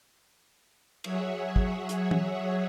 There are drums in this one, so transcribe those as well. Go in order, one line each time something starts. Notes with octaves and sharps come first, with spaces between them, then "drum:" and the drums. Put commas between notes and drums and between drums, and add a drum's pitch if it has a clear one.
F#3 G#4 C#5 E5 F#5, drum: cymbal
drum: kick
drum: hi-hat
drum: tom E3